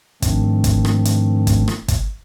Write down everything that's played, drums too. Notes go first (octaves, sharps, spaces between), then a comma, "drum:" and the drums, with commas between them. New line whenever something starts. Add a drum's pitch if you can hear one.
G#2 D#3 F3 A3 C4 D4, drum: kick, hi-hat
drum: kick, hi-hat
drum: rim click
drum: hi-hat
drum: kick, hi-hat
drum: rim click
drum: kick, hi-hat